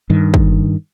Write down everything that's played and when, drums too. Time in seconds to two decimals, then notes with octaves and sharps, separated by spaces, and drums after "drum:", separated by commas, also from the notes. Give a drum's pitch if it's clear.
0.10 G2 D#3
0.34 drum: kick